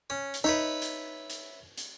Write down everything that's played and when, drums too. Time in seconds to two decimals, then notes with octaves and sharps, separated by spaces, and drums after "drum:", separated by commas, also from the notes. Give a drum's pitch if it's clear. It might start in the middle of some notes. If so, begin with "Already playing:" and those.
0.10 C#4
0.34 drum: hi-hat
0.44 D#4 B4 C#5 E5
0.82 drum: hi-hat
1.30 drum: hi-hat
1.78 drum: hi-hat